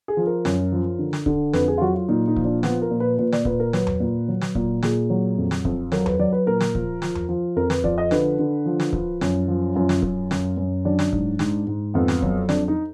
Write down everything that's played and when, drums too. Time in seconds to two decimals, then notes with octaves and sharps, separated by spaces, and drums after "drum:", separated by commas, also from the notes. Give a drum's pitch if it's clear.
0.08 G#4
0.17 F3
0.27 A#4
0.45 F#2, drum: snare
0.72 F3
0.99 D3
1.13 drum: snare
1.26 D3, drum: kick C#1
1.53 F2 B4, drum: snare
1.68 G#4
1.78 F4
1.81 F#3 F#4
1.94 F4
2.08 A#2 D#4
2.28 D#4
2.36 F3, drum: kick C#1
2.45 D4
2.63 F3 B3, drum: snare
2.82 A#4
2.91 A#2
3.00 B4
3.18 A#2 B4
3.32 D5, drum: snare
3.45 A#2 B4, drum: kick C#1
3.60 A#4
3.73 F#3 B4, drum: snare
3.87 drum: tom E2
4.00 A#2
4.28 F#3
4.41 drum: snare
4.55 A#2, drum: kick C#1
4.83 A#2 G#4, drum: snare
5.10 F#3
5.38 F2
5.51 drum: snare
5.65 F2, drum: kick C#1
5.92 F#3 A#4, drum: snare
6.06 B4, drum: tom E2
6.19 F#3 D5
6.33 B4
6.46 A#2 A#4
6.61 drum: snare
6.75 F3, drum: kick C#1
7.02 F3, drum: snare
7.15 drum: tom E2
7.29 F3
7.56 F2 A#4
7.70 B4, drum: snare
7.84 F3 D5, drum: kick C#1
7.98 D#5
8.11 D3 B4, drum: snare
8.39 D3
8.66 F3
8.80 drum: snare
8.93 F3, drum: kick C#1
9.21 F#2, drum: snare
9.48 F3
9.75 F#2 F4
9.89 drum: snare
10.02 F#2, drum: kick C#1
10.31 F#2, drum: snare
10.57 F#2
10.85 F#3 D4
10.99 drum: snare
11.13 G#2, drum: kick C#1
11.39 G#2, drum: snare
11.67 G#2
11.94 F2 B3
12.08 drum: snare
12.22 F#3, drum: kick C#1
12.49 F2 D4, drum: snare
12.68 D#4